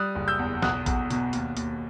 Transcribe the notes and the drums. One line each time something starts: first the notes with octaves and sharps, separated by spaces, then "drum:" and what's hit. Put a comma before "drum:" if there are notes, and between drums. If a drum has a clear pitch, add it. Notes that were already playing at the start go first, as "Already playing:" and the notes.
Already playing: G3 D#6 F#6
F#1
E6 G6
E2
B1 D#6 F#6, drum: snare
B1, drum: kick A1, hi-hat
B2, drum: hi-hat
D#2, drum: hi-hat
D#2, drum: hi-hat